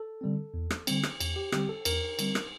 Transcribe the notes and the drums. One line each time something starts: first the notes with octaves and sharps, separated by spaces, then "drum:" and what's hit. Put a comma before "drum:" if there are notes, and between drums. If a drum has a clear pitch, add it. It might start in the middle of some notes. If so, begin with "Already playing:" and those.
Already playing: A4
D3 G3 C4
E2
drum: rim click
D3 G3 C4, drum: cymbal
drum: rim click
E2, drum: cymbal
G4
D3 G3 C4 G4, drum: rim click
A4
E2 A#4, drum: cymbal
D3 G3 C4, drum: cymbal
drum: rim click